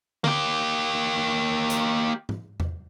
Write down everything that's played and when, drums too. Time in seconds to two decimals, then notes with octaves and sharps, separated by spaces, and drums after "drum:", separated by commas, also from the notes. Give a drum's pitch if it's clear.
0.24 A#3 G4, drum: tom D3
1.70 drum: hi-hat
2.29 drum: tom G#2
2.60 drum: tom E2